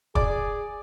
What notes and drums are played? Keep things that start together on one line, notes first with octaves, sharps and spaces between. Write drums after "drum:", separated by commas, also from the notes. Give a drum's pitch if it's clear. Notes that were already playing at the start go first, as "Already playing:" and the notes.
G#4 D5 D6, drum: kick